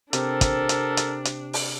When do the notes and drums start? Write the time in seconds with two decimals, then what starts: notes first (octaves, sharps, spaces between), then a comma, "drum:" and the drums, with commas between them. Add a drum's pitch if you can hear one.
0.13 C3 D4 A4 A#4, drum: hi-hat
0.41 drum: kick, hi-hat
0.69 drum: hi-hat
0.97 drum: hi-hat
1.25 drum: hi-hat
1.53 drum: open hi-hat